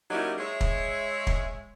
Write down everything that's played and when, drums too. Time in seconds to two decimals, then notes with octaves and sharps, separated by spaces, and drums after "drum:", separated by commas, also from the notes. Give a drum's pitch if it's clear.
0.10 F#3 G3 A#3 C#4 D#4 E4
0.38 G#3 C#5 E5
0.61 drum: kick
1.27 drum: kick